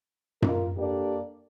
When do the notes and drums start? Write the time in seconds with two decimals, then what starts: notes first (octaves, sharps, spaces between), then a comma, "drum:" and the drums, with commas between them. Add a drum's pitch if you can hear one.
0.42 F4 A#4, drum: tom F#2
0.78 A#3 D4 G4 A4 D5